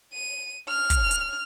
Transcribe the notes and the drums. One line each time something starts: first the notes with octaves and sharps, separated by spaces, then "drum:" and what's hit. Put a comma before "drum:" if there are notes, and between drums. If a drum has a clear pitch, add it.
D#7
F6
drum: kick, hi-hat
drum: hi-hat